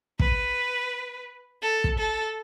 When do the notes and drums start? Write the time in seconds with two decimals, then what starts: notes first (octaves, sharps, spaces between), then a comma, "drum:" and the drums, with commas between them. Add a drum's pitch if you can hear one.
0.20 B4, drum: kick
1.62 A4
1.84 drum: kick
1.98 A4